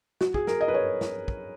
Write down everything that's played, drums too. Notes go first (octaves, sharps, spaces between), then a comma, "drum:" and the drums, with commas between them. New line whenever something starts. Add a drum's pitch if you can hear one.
F#4, drum: snare
G#4, drum: kick
A#4, drum: snare
D#5
B4
C#5
drum: snare
drum: kick